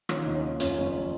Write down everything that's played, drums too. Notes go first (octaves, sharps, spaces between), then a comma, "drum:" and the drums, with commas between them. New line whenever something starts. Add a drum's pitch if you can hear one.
D#3 C#4 F4, drum: rim click
D#2 D#4
C#4 F4
D#3
F#2 C#4 F4, drum: hi-hat
F#1
F3